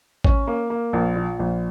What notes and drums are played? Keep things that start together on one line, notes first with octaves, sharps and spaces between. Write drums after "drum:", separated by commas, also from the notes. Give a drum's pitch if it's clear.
C#4, drum: kick
A#3
A#3
A#1
A#2
A#1